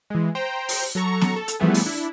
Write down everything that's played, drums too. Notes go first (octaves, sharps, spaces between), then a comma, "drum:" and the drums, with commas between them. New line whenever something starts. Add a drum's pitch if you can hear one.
E3 G#3
C5 G5 A#5
drum: open hi-hat
F#3 A4 A#5 C#6
drum: snare B3
A4
drum: hi-hat
E3 F3 G3 A3 B3 G#4
drum: open hi-hat
D4 E4